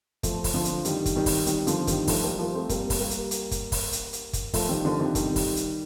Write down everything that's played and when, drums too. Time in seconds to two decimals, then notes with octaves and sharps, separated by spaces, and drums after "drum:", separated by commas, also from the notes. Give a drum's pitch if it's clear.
0.23 F3 A3, drum: kick, hi-hat
0.44 drum: kick, open hi-hat
0.54 D3 F3
0.65 drum: hi-hat
0.85 D#3 G3, drum: hi-hat
1.06 drum: kick, hi-hat
1.16 D#3 G3
1.26 drum: kick, open hi-hat
1.46 D#3 G3, drum: hi-hat
1.67 D3 F3, drum: hi-hat
1.87 D#3 G3, drum: kick, hi-hat
2.07 F3 A3, drum: kick, open hi-hat
2.23 G3 A#3
2.39 F3 A3
2.54 A3 C4
2.69 G3 A#3, drum: kick, hi-hat
2.90 drum: kick, open hi-hat
3.00 G3 A#3
3.10 drum: hi-hat
3.31 drum: hi-hat
3.51 drum: kick, hi-hat
3.72 drum: kick, open hi-hat
3.92 drum: hi-hat
4.13 drum: hi-hat
4.33 drum: kick, hi-hat
4.54 F3 A3, drum: kick, open hi-hat
4.69 D#3 G3
4.85 D3 F3
4.99 C3 D#3
5.15 D#3 G3, drum: kick, hi-hat
5.36 drum: kick, open hi-hat
5.56 drum: hi-hat